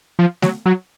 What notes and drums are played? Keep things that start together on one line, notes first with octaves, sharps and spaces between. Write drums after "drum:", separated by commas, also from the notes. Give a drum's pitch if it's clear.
F3
F#3, drum: snare A3
F#3